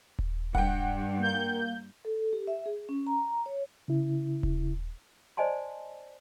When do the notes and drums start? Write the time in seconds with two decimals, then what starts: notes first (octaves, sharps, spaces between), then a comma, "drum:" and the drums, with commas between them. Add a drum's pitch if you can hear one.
0.19 drum: kick D#1
0.55 G2 F#5 G5, drum: kick D#1
1.19 A#3 G6
2.05 A4
2.33 G4
2.47 E5
2.66 G#4
2.89 C#4
3.07 A#5
3.46 C#5
3.88 C#3 E4
4.43 drum: kick D#1
5.37 C5 D5 D#5 G#5 A5 C6